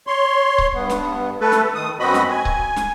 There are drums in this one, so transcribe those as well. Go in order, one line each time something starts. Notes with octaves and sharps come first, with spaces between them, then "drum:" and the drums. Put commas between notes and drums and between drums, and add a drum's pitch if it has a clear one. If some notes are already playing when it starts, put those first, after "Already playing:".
C#5 C6
drum: kick C#1
G2 B3
drum: snare
A3 A4 B4
drum: snare
D#3 D#6
F#2 B3 C4 F#4 D#5 B5
drum: snare
G#5
drum: kick C#1
drum: snare